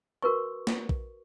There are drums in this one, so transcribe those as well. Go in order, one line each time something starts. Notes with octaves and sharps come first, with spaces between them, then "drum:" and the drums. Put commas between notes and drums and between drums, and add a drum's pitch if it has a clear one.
F#4 A#4 B4 C#6
drum: snare A#3
drum: kick A#1